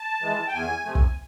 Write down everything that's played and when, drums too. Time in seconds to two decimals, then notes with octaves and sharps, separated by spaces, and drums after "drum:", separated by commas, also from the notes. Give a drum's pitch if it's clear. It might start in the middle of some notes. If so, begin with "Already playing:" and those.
Already playing: A5
0.22 E3 G#3
0.47 G5
0.54 E2 G#5
0.85 C3 F3 A3
0.95 drum: kick